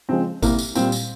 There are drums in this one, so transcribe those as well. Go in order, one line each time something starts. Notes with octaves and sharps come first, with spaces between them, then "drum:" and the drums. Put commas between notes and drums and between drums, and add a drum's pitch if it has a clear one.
C#3 F3 G#3 C4
C2 A#3, drum: kick G#1, tambourine
drum: tambourine
A#2 G3 C4, drum: tambourine
drum: tambourine